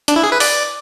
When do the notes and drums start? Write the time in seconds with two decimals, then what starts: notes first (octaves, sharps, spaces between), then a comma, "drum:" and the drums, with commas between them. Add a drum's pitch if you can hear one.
0.08 D4, drum: hi-hat
0.16 E4
0.23 G#4
0.32 B4
0.40 D5, drum: open hi-hat